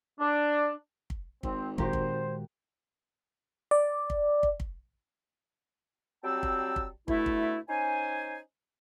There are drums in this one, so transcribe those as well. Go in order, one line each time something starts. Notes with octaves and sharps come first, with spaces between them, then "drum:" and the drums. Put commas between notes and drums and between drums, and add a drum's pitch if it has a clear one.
D4
drum: kick
G#1 C4, drum: kick
A#2 D#3 G#3 F#4 G4 A#4 C5, drum: kick
drum: kick
D5
drum: kick
drum: kick
drum: kick
F#3 G3 C4 G5 A5 E6
drum: kick
drum: kick
B2 D3 A3 E4, drum: kick
drum: kick
C#4 D#4 C5 G#5